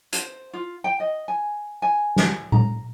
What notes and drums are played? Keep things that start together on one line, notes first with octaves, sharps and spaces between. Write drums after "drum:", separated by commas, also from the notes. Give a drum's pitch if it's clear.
C5, drum: hi-hat
F4
G5
D#5
G#5
G#5
drum: snare
A#5, drum: tom A#2